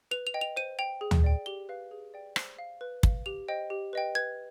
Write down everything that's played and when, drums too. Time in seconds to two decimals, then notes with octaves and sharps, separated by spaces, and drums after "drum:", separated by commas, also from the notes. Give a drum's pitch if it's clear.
0.11 B4 F7
0.27 F7
0.34 D#5 G5
0.41 F7
0.57 C5 D#7
0.79 G5 F7
1.01 G#4
1.11 drum: tom
1.24 D5 G5
1.46 G4 G7
1.69 B4 F5
1.91 G#4
2.14 D5 G5
2.36 C5, drum: rim click
2.59 F5
2.81 B4
3.03 F5, drum: kick
3.26 G4 F7
3.48 C5 D#5 G5
3.70 G4
3.93 B4 D#5 G5
4.15 B4 G#6